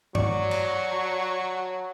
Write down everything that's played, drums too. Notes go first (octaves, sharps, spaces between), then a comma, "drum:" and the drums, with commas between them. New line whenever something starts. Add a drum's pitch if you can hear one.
F#3 D5 C#6, drum: tom G2
drum: cymbal